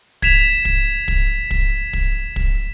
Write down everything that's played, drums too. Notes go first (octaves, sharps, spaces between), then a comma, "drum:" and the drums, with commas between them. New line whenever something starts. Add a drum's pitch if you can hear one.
G#6 B6 E7 F7, drum: kick
drum: kick
drum: kick
drum: kick
drum: kick
drum: kick